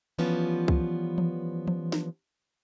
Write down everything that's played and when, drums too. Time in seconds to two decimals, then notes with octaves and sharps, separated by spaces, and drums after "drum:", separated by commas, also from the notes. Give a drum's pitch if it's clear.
0.18 E3 F3 G3 B3 C#4 F4
0.68 drum: kick C2
1.18 drum: tom E3
1.68 drum: tom E3
1.92 drum: snare